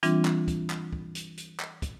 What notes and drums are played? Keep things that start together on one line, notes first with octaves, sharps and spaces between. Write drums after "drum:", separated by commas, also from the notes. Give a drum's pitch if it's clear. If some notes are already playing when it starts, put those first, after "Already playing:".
E3 G3 C4 D4 F4, drum: hi-hat
drum: clap
drum: kick, hi-hat
drum: clap
drum: kick
drum: hi-hat
drum: hi-hat
drum: clap
drum: kick, hi-hat